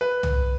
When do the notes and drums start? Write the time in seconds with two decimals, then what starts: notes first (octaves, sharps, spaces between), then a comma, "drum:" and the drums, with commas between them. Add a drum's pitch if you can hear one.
0.01 B4
0.23 drum: tom C2